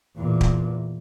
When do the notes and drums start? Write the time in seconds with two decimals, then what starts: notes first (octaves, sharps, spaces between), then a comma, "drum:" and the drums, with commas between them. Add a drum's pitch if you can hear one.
0.16 E2 A#2
0.41 drum: kick